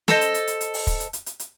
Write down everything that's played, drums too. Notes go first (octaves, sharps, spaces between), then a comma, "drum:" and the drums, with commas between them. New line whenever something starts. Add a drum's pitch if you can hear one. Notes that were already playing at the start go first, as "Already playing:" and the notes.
A4 C5 D#5, drum: snare
drum: hi-hat
drum: hi-hat
drum: hi-hat
drum: hi-hat
drum: open hi-hat
drum: kick, hi-hat
drum: hi-hat
drum: hi-hat
drum: hi-hat
drum: hi-hat